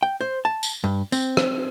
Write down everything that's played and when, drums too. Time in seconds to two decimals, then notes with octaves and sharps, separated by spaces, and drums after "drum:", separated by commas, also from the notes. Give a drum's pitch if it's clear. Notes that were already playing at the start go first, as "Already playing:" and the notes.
0.03 G5
0.21 C5
0.45 A5
0.63 drum: tambourine
0.84 G2
1.12 C4, drum: tambourine
1.37 drum: rim click